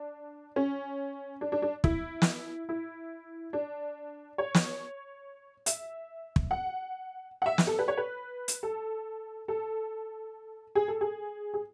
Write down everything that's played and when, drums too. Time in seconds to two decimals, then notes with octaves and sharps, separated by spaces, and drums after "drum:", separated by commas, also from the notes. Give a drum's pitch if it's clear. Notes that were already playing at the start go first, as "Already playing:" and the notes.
Already playing: D4
0.56 C#4
1.41 D4
1.52 D4
1.62 D4
1.84 E4, drum: kick
2.22 drum: snare
2.69 E4
3.53 D4
4.38 C#5
4.55 drum: snare
5.66 E5, drum: hi-hat
6.36 drum: kick
6.51 F#5
7.42 F#5
7.46 E5
7.58 drum: snare
7.67 A4
7.79 B4
7.88 C#5
7.97 B4
8.48 drum: hi-hat
8.63 A4
9.48 A4
10.75 G#4
10.88 A4
11.01 G#4
11.54 G#4